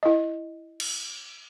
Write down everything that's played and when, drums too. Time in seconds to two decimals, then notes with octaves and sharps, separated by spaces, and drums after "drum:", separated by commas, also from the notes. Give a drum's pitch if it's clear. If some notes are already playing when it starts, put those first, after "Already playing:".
0.03 E4 D#5
0.80 drum: cymbal